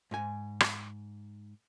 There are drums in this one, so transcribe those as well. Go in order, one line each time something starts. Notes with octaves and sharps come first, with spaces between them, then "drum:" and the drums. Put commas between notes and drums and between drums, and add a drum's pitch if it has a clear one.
G#2 G#5
drum: rim click